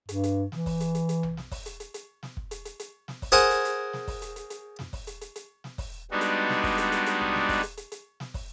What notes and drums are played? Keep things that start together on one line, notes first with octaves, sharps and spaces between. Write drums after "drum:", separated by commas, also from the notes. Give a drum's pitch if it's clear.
G2, drum: hi-hat
drum: hi-hat
E3, drum: snare
drum: kick, open hi-hat
drum: hi-hat
drum: hi-hat
drum: hi-hat
drum: tom A#1
drum: snare
drum: kick, open hi-hat
drum: hi-hat
drum: hi-hat
drum: hi-hat
drum: snare
drum: kick
drum: hi-hat
drum: hi-hat
drum: hi-hat
drum: snare
drum: kick, open hi-hat
G#4 A#4 C5 F#5 G#5
drum: hi-hat
drum: hi-hat
drum: snare
drum: kick, open hi-hat
drum: hi-hat
drum: hi-hat
drum: hi-hat
drum: snare
drum: kick, open hi-hat
drum: hi-hat
drum: hi-hat
drum: hi-hat
drum: snare
drum: kick, open hi-hat
G3 G#3 B3 D4 D#4 F#4
drum: hi-hat
drum: snare
drum: kick, open hi-hat
drum: hi-hat
drum: hi-hat
drum: hi-hat
drum: tom A#1
drum: snare
drum: kick, open hi-hat
drum: hi-hat
drum: hi-hat
drum: hi-hat
drum: snare
drum: kick, open hi-hat